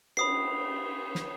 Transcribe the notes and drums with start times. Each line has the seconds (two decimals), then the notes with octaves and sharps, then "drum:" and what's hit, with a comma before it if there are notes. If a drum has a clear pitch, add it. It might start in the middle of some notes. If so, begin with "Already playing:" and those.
0.17 B5 D#6 C7, drum: cymbal
1.15 drum: snare